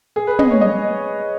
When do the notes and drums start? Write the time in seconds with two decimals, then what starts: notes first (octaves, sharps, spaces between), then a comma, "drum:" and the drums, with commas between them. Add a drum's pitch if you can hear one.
0.16 G#4
0.27 B4
0.39 D#5, drum: tom
0.50 C#5
0.61 D#5